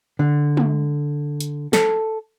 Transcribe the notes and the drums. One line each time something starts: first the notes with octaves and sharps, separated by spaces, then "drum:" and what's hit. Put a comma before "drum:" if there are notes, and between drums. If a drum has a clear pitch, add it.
D3
drum: tom G#3
drum: hi-hat
A4, drum: snare